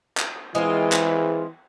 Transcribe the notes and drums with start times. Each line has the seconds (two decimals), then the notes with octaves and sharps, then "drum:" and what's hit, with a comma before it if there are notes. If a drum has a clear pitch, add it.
0.17 drum: clap
0.55 E3 G#3 C4 F4
0.92 drum: clap